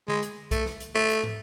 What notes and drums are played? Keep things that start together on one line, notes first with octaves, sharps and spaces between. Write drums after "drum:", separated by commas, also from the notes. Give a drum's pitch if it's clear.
G#3, drum: tom D3
drum: hi-hat
A3, drum: kick B1, hi-hat
drum: snare
drum: hi-hat
A3
drum: hi-hat
drum: tom